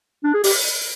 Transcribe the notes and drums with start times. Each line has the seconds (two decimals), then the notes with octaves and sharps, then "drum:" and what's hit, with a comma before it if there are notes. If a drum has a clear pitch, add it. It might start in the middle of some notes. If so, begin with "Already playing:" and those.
0.24 D4
0.34 G#4
0.44 G4, drum: open hi-hat